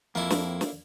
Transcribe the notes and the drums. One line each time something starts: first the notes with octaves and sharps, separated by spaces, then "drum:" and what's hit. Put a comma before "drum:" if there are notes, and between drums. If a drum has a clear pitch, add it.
F2 A#3 E4
drum: snare
drum: snare